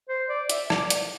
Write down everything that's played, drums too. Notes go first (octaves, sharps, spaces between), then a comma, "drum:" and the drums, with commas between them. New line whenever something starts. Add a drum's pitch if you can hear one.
C5
D5
E5, drum: hi-hat
D5, drum: rim click
drum: hi-hat